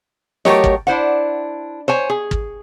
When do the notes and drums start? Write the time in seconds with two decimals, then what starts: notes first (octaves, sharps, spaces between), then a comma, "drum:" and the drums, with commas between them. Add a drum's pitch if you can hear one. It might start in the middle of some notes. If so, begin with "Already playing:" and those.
0.45 F#3 A3 G4 A#4 C#5 D#5, drum: snare
0.64 drum: kick
0.87 D4 E4 C5 F#5
1.88 C5 C#5 G#5
2.10 G#4
2.31 drum: kick